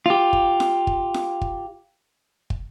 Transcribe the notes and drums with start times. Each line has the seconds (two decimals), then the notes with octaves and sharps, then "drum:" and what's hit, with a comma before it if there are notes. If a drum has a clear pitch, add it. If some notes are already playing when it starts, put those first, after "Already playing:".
0.06 F4 G4
0.33 drum: kick
0.60 drum: snare F4
0.87 drum: kick
1.14 drum: snare F4
1.42 drum: kick
2.50 drum: kick